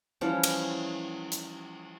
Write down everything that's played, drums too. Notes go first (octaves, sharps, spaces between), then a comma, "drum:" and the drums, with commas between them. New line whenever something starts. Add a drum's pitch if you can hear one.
E3 F3 G3 C#4
drum: cymbal
drum: hi-hat